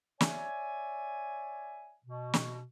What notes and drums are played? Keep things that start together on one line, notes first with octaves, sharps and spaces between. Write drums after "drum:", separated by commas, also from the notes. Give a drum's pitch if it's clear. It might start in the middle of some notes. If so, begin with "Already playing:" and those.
C#5 D5 E5 G#5, drum: snare
B2
drum: snare